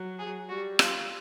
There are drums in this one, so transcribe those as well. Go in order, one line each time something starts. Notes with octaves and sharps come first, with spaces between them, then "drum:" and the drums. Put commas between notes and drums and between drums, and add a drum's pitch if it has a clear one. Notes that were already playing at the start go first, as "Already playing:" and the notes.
Already playing: F#3
G#4
G3 F#4
F4, drum: rim click